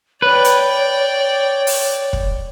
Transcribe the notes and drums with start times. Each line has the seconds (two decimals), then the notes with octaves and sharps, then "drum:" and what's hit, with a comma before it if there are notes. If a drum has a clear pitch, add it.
0.22 B4 C#5 D5 G5
0.44 drum: hi-hat
1.67 drum: open hi-hat
2.13 drum: kick